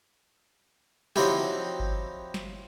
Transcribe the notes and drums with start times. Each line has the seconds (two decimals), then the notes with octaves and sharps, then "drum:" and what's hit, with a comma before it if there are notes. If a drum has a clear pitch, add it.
1.16 F3 F#3 C4 D#4 E4 G4, drum: snare
1.80 drum: kick G1
2.34 drum: snare